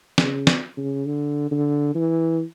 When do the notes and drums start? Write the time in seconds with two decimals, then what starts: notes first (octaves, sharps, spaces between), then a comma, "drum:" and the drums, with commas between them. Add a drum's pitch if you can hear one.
0.18 C#3, drum: snare
0.47 drum: snare
0.77 C#3
1.06 D3
1.51 D3
1.95 E3